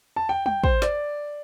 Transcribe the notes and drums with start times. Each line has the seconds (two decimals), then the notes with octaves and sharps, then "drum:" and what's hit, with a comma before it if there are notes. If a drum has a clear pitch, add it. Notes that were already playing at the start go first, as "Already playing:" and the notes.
0.16 A5
0.29 G5
0.46 G5, drum: tom
0.64 C5, drum: kick
0.82 D5, drum: snare